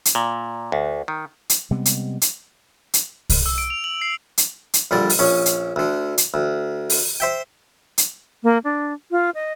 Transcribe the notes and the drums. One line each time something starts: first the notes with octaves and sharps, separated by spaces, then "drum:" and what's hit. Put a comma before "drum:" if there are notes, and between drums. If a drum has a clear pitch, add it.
drum: hi-hat
A#2
D2
D#3
drum: hi-hat
C3 G3 G#3 B3
drum: hi-hat
drum: hi-hat
drum: hi-hat
drum: kick C2, open hi-hat
E6
D7
F7
F#7
C7
drum: hi-hat
drum: hi-hat
A#1 D3 G3 D5
drum: open hi-hat
A#1 C#4 D#6
drum: hi-hat
D2 D3
drum: hi-hat
D2
drum: open hi-hat
C5 E5 G5
drum: hi-hat
A#3
D4
F4
D#5